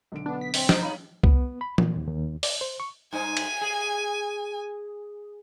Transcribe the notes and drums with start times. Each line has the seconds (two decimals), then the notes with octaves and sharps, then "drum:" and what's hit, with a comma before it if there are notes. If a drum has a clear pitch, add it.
0.12 B1 D3 D7
0.26 B3 D4
0.41 B6
0.54 C4, drum: open hi-hat
0.69 D#4 C5, drum: snare
0.83 C#5 F5 B5 D#7
1.23 B3, drum: kick C2
1.61 B5
1.78 A#2, drum: tom E3
1.96 D#2
2.07 D#2
2.43 D5, drum: open hi-hat
2.61 C5
2.80 C#6
3.13 G2 D#4 C5 G#5
3.37 drum: cymbal
3.61 G#4